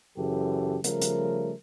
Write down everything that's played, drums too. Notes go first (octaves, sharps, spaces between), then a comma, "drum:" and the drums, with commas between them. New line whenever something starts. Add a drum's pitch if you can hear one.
F#2 C#3 E3 G4 A4
C#3 F3 G3 A3 A#4, drum: hi-hat
drum: hi-hat